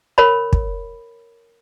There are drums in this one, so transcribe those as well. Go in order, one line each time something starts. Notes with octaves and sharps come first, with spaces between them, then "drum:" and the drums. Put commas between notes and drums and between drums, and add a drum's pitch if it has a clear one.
A#4 C#5 B5
drum: kick